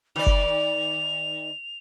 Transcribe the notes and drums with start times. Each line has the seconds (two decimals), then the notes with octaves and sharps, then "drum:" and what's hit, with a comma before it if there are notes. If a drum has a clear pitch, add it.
0.16 D#3 D5 F7
0.27 drum: kick F#1